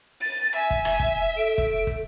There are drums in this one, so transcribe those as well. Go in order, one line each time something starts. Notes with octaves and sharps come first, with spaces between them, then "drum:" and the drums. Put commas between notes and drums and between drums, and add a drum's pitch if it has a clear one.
A6 D#7
E5 G#5
drum: kick
drum: rim click
drum: kick
A4 D7
drum: kick
drum: kick